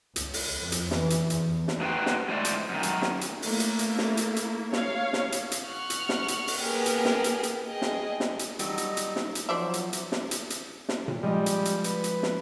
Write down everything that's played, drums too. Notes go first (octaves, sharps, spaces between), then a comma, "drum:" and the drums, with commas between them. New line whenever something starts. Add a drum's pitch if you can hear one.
C#2, drum: hi-hat
drum: open hi-hat
F2
drum: hi-hat
E3, drum: snare
drum: hi-hat
E2, drum: hi-hat
drum: snare
A3 D#4 F#4 B4 C5 G5
drum: snare
A2 G#3 C5 D5 E5
drum: hi-hat
F#2 D#3
drum: hi-hat
drum: snare
drum: hi-hat
A3 A#3 E4, drum: open hi-hat
drum: hi-hat
drum: hi-hat
drum: snare
drum: hi-hat
drum: hi-hat
C#5 F5, drum: snare
drum: snare
drum: hi-hat
drum: hi-hat
F#5 C#6 F6 F#6
drum: hi-hat
drum: snare
drum: hi-hat
drum: open hi-hat
A#3 B3 G4 G#4 A#4 B4
drum: hi-hat
drum: snare
drum: hi-hat
drum: hi-hat
G#4 D#5 G5
drum: snare
drum: snare
drum: hi-hat
F#3 G3 A3 D#4, drum: hi-hat
drum: hi-hat
drum: hi-hat
drum: snare
drum: hi-hat
F3 F#3 C5 D5 E5
drum: hi-hat
drum: hi-hat
drum: snare
drum: hi-hat
drum: hi-hat
drum: snare
drum: tom A#2
F3 G3 G#3 D#5
drum: hi-hat
drum: hi-hat
B4, drum: hi-hat
drum: hi-hat
drum: snare